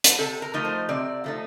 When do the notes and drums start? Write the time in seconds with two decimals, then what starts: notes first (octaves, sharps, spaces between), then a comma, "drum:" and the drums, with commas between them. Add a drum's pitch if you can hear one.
0.04 drum: hi-hat
0.18 C3 A4
0.42 A#4
0.54 F3 A3 D#4
0.65 C5
0.89 C3 D5
1.24 F3 A3 D#4